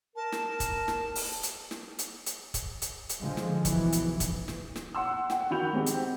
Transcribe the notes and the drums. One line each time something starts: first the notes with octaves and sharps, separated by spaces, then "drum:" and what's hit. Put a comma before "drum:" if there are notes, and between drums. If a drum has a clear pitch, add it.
A#4 A5
drum: snare
drum: kick, hi-hat
drum: snare
drum: open hi-hat
drum: hi-hat
drum: snare
drum: hi-hat
drum: hi-hat
drum: kick, hi-hat
drum: hi-hat
drum: hi-hat
D3 F3 G#3
drum: snare
B1 E3, drum: kick, hi-hat
drum: hi-hat
drum: kick, hi-hat
drum: snare
drum: snare
F#5 C6 E6
F#5 G5, drum: snare
D#3 F#4 F#5 B5 G6 F7
G#3 C4 G4
drum: hi-hat